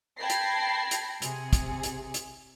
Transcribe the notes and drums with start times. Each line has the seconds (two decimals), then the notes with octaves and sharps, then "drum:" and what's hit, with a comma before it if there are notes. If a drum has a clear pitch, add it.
0.19 G5 A5 B5 G#6 A#6 C7
0.30 drum: hi-hat
0.91 drum: hi-hat
1.22 C3 G#4, drum: hi-hat
1.53 drum: kick, hi-hat
1.83 drum: hi-hat
2.14 drum: hi-hat